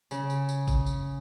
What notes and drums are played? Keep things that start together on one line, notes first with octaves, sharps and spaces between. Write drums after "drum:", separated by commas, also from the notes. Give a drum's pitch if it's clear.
C#3, drum: tambourine
drum: tambourine
drum: tambourine
drum: kick G#1, tambourine
drum: tambourine